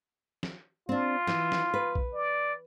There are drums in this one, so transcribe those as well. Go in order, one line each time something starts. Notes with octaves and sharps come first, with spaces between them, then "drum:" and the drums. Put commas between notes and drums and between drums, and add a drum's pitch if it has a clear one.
drum: snare
C4 D4 F4
E3, drum: snare
drum: snare
B4
drum: kick A#1
D5